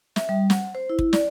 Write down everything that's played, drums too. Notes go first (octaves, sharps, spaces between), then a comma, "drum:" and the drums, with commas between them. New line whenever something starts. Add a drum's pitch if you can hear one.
E5, drum: snare
G3
F#5, drum: snare
C5
E4
drum: kick
D5, drum: snare